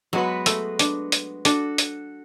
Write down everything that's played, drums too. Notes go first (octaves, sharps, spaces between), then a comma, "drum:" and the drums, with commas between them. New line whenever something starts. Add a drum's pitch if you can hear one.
F#3 G#3 B3 F#4 B4
A3, drum: hi-hat
D4, drum: hi-hat
drum: hi-hat
D4 F#4 A4, drum: hi-hat
drum: hi-hat